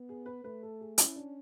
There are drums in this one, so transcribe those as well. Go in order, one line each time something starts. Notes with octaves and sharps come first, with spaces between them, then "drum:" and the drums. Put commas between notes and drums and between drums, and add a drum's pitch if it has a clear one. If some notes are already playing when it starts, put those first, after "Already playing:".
Already playing: B3
G#4
B4
A3 B4
A4
G#4
C#4 E4, drum: hi-hat
D4